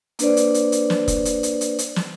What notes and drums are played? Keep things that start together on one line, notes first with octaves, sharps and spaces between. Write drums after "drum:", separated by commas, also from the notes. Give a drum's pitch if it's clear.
A#3 D4 B4 C5 D5, drum: hi-hat
drum: hi-hat
drum: hi-hat
drum: hi-hat
drum: snare
drum: kick F1, hi-hat
drum: hi-hat
drum: hi-hat
drum: hi-hat
drum: hi-hat
drum: snare